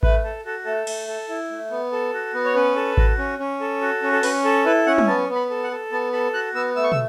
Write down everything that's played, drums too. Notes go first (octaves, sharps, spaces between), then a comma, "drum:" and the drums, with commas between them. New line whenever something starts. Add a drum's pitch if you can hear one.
A3 B4, drum: kick G#1
A4
F#4 A4
A3 A4
A3, drum: cymbal
A4
E4
A3
B3
A4
F#4
B3
C#5
C#4 B4
A4
F#4, drum: kick G#1
C#4
C#4
A4
F#4
C#4
A4
C#4 B4, drum: open hi-hat
A4
E4 B4
C#4 F#5
drum: tom
B3 A5
B3
B5
A4
F#5
A4
B3 A5
A4 B5
F#4 F#6
B3 E6
A3 E6
C#6
E6, drum: tom